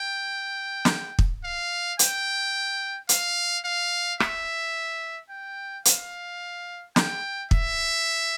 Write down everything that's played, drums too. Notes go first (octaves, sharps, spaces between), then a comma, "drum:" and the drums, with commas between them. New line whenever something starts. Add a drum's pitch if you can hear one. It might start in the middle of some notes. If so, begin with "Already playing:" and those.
Already playing: G5
drum: snare
drum: kick
F5
G5, drum: hi-hat
F5, drum: hi-hat
F5
E5, drum: rim click
G5
F5, drum: hi-hat
G5, drum: snare
E5, drum: kick